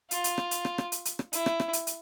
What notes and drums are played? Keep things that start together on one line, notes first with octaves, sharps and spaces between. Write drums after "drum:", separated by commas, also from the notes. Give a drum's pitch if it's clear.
F4, drum: hi-hat
drum: hi-hat
drum: rim click
drum: hi-hat
drum: rim click
drum: rim click
drum: hi-hat
drum: hi-hat
drum: rim click
E4, drum: hi-hat
drum: rim click
drum: rim click
drum: hi-hat
drum: hi-hat